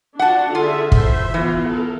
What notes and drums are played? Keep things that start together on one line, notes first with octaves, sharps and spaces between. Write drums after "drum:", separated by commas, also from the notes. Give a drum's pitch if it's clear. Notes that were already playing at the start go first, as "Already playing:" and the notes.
D4 F4 F#4 F#5 A5
D3 F4 G#4 E5
E3 C5 E5, drum: kick
E3 B3 F4
A4 A#4